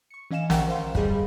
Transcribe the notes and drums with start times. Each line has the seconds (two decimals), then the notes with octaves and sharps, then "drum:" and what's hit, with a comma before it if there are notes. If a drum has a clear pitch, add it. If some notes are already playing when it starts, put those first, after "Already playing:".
0.10 C#6 C#7
0.31 E3 C#4 D#5 F5 G#5 E7
0.50 A#1 A#4 F#5 G5 A#5 C#6, drum: snare
0.68 C5 F5 C6
0.95 F#2 G3 G#4 D#5 F#5 B5, drum: kick